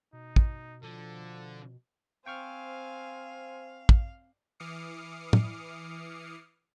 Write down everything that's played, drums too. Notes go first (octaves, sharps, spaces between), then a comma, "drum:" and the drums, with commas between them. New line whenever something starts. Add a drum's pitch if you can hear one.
B2 D#4
drum: kick
D3 F3 A4
C4 C5 F5 G5 G#5 C#6 F6
drum: kick
E3 D6 D#6 F6 C7 C#7
drum: tom